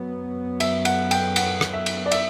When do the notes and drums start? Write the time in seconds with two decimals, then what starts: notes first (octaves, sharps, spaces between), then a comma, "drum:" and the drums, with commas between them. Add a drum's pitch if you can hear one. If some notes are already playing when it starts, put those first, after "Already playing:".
Already playing: F#2 F#3 B3
0.60 E5, drum: cymbal
0.85 F#5, drum: cymbal
1.11 G5, drum: cymbal
1.36 F#5, drum: cymbal
1.61 drum: rim click
1.73 E5
1.86 drum: cymbal
2.06 D5
2.12 E5, drum: cymbal